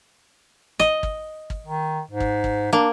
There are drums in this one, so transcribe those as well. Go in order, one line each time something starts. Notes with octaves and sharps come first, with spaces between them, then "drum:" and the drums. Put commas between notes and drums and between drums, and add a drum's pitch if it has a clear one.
D#5, drum: snare
drum: kick G#1
drum: kick G#1
D#3
G#2
drum: kick G#1
drum: kick G#1
A#3 D4